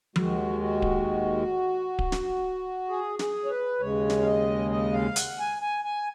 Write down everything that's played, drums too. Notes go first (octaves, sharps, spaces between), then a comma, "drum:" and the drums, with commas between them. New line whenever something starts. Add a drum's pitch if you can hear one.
D#2 D#3 G#3 F#4, drum: tom F3
F#4
drum: kick D1
drum: kick D1
drum: snare
G#4
G#4, drum: snare
C#5
B4
D#2 C#3 G#3 C#5
drum: snare
F5
D#5
D#5
F5
F#5, drum: hi-hat
G#5
G#5
G#5